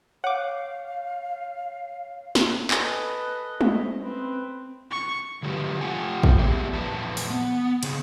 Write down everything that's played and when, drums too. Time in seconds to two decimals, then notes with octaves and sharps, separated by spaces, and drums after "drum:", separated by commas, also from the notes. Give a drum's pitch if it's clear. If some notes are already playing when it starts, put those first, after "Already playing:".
0.24 C#5 F5 F#5 D6
2.35 drum: snare
2.71 A4 B4 D#5 G#5, drum: clap
3.61 C#4 C5 D#5 E5, drum: tom G3
4.03 C4 B4
4.91 C#6
5.43 D3 F3 F#3 G#3 G4 B4
5.81 A3 F4 G4 F#5 G#5
6.23 drum: kick
6.39 G#3 B3 G4 G#4 D5 E5
6.73 F2 A#2 E3 B4 A5
7.17 drum: open hi-hat
7.30 B3
7.83 C#3 B3 G#4, drum: cymbal